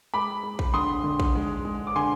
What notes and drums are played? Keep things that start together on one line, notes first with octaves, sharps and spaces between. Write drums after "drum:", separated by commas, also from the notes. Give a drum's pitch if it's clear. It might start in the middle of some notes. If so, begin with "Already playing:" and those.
G#3 B5 D6
G#3
drum: kick
D3 C6 D#6
D3
drum: kick
G#3
G#3
D6
D3 G#5 C6